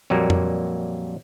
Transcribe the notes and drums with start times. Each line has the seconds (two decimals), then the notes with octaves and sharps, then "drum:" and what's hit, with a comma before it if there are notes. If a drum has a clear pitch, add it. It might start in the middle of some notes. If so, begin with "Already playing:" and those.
0.10 F2 A#2 F#3 G3 A#3
0.30 drum: tom